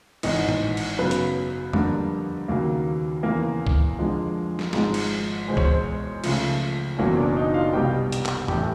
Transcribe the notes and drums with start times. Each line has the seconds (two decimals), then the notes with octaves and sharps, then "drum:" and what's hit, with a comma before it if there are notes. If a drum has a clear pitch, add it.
0.23 G#1 G#2 E3 D#4 D#5, drum: cymbal
0.49 drum: tom A2
0.77 drum: cymbal
0.98 F#2 C#3 F#3 B3 B4
1.11 drum: hi-hat
1.73 F2 D3 G3 A#3, drum: tom E2
2.48 D#2 C#3 F#3 A#3
3.23 E2 C#3 E3 A#3 A#4
3.67 drum: kick C2
3.98 F2 D3 F3 G#3
4.59 drum: snare
4.73 G#1 G#2 F3 G#3, drum: snare
4.94 drum: cymbal
5.48 E2 B2 G#3 C5
5.57 C#5, drum: kick C2
5.64 C4 C5
6.24 C#2 C#3 F3 A3, drum: cymbal
6.98 F#1 E2 B2 F#3 A#3 C#4 C#5
7.17 D4 D5
7.37 D#4 D#5
7.54 F4 F5
7.73 C2 B2 G3 G4 G5
8.12 drum: hi-hat
8.26 drum: clap
8.48 A1 A2 E3 A3 G4 G5, drum: tom E2